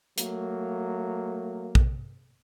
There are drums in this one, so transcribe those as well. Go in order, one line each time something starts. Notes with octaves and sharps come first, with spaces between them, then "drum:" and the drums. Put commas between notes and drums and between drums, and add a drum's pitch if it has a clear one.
F#3 A3 A#3, drum: hi-hat
drum: kick A#1